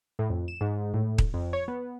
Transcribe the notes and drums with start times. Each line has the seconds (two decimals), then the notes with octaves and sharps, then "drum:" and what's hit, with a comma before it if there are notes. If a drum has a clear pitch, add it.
0.19 A2
0.30 F2
0.48 E7
0.61 G#2
0.94 A2
1.18 drum: kick D#1
1.34 F2
1.53 C#5
1.68 B3